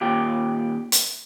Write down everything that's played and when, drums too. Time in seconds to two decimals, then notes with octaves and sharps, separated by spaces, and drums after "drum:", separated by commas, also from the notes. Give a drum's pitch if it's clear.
0.01 D#2 A#2 G4
0.92 drum: hi-hat